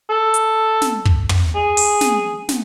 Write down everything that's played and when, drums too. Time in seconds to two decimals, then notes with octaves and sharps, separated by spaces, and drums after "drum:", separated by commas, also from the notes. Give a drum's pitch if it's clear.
0.10 A4
0.34 drum: hi-hat
0.82 drum: snare
1.05 drum: kick
1.29 drum: tom
1.55 G#4
1.77 drum: open hi-hat
2.01 drum: snare
2.49 drum: snare